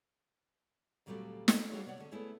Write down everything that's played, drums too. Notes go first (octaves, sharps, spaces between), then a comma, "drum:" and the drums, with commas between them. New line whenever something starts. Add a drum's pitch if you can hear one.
D2 A#2 F#3 G3 A3 C4
G#3 A3 F4 E5, drum: snare
G3 A#3 F#4 G#4 C#5
C3 C#5 D5 F#5
D3 C#4
A3 B3 E4 G#4 C#5